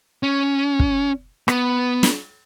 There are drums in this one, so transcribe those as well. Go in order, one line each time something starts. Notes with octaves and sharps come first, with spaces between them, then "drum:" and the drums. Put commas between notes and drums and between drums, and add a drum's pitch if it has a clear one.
C#4
drum: kick
B3, drum: rim click
drum: snare